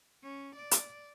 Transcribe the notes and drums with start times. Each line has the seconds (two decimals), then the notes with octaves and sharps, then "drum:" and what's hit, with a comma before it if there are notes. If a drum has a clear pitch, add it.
0.23 C#4
0.56 D5
0.71 drum: hi-hat